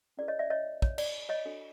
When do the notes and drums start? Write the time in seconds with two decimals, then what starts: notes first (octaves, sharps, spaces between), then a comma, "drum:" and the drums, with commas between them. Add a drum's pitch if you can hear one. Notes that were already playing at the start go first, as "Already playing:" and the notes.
0.17 C#4 E4 G#4 B4 D5
0.28 C#5 D#5
0.39 D5 E5
0.50 C#5 D#5
0.82 C#5, drum: kick
0.98 D5, drum: cymbal
1.29 C#5 D#5
1.45 D4 F#4 A4